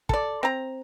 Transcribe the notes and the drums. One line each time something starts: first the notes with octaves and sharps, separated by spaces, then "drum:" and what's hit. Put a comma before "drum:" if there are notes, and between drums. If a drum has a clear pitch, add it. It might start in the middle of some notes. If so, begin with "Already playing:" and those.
A4 D5, drum: kick
C4 A#5